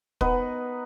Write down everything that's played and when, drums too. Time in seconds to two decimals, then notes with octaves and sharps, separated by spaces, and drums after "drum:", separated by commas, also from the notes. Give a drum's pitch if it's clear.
0.21 B3 D#4 B4, drum: kick